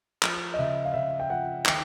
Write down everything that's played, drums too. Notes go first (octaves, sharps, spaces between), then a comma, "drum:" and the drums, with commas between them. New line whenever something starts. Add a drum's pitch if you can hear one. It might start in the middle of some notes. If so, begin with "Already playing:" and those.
F3, drum: clap
D#5
C#3 E5
F5
C#3 E5
G5
F3 F#5
D#3 G5, drum: clap